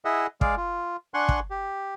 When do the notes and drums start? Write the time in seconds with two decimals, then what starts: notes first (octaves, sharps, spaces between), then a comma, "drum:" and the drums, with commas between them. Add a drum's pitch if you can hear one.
0.05 E4 G#4 D#5 E5 F#5
0.41 G#3 G#4 D5 F5, drum: kick
0.57 F4
1.14 D4 F#5 G#5 C6 C#6 F#6
1.29 drum: kick
1.50 G4